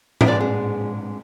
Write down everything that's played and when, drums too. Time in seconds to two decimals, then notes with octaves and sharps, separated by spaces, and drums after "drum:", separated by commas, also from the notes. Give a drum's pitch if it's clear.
0.21 E5, drum: tom A2
0.26 G#2 G#3 B3 D4 D5
0.40 G#4